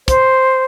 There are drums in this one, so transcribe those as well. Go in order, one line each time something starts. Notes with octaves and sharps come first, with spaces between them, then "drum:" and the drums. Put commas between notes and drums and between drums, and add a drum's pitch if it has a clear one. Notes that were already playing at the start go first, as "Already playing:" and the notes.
C5, drum: kick, hi-hat